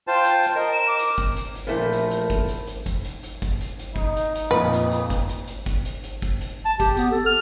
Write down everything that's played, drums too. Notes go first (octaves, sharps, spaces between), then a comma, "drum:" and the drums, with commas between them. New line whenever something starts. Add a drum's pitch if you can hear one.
F4 C5 G5 A5
drum: hi-hat
drum: hi-hat
A#4 D#5
E7
D6
drum: hi-hat
drum: kick G1, hi-hat
drum: hi-hat
drum: hi-hat
A#1 A#2 A3 E4 A#4 C5
drum: hi-hat
drum: hi-hat
drum: kick G1, hi-hat
drum: hi-hat
drum: hi-hat
drum: kick G1, hi-hat
drum: hi-hat
drum: hi-hat
drum: kick G1, hi-hat
drum: hi-hat
drum: hi-hat
D#4, drum: kick G1
drum: hi-hat
drum: hi-hat
F2 A#2 B4
drum: hi-hat
drum: hi-hat
drum: kick G1, hi-hat
drum: hi-hat
drum: hi-hat
drum: kick G1, hi-hat
drum: hi-hat
drum: hi-hat
drum: kick G1, hi-hat
drum: hi-hat
A5
G4, drum: kick G1, hi-hat
B3, drum: hi-hat
A4
F6